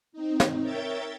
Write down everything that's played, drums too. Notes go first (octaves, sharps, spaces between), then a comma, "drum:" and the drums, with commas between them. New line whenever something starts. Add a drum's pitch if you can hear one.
C4 D#4
drum: snare
A#4 C#5 E5 G5 G6 A6